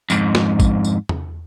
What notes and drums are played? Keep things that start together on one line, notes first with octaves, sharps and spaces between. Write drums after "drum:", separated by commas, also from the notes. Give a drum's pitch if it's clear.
F2 G#2, drum: tambourine
drum: snare
drum: kick A1, tambourine
drum: tambourine
drum: tom E2